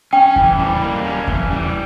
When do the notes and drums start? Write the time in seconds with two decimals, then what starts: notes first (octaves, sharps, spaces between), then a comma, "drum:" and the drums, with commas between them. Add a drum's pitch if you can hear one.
0.13 C#4 G5
0.36 E3, drum: kick E2
0.59 G3
0.82 A#3
1.04 C#4
1.28 E3, drum: kick E2
1.51 G3